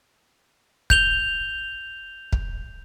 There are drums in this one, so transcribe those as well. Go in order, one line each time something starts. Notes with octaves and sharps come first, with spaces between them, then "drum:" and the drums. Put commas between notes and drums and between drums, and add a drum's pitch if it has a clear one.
G6 F7 G7, drum: kick
drum: kick